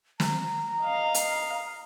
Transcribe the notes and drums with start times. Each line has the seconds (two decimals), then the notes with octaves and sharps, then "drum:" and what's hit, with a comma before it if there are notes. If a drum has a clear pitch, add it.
0.20 A#5, drum: snare
0.82 D#5 F5
1.14 drum: hi-hat